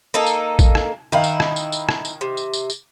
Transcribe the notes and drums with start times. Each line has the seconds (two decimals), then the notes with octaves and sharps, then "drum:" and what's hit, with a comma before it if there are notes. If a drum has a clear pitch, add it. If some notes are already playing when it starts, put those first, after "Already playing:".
0.14 A#3 D#4 A4
0.26 drum: tambourine
0.59 drum: kick A1, tambourine
0.75 drum: rim click
1.12 D#3 D#4 E4 F5
1.24 drum: tambourine
1.40 drum: rim click
1.56 drum: tambourine
1.72 drum: tambourine
1.89 drum: rim click
2.05 drum: tambourine
2.21 C3
2.37 drum: tambourine
2.53 drum: tambourine
2.70 drum: tambourine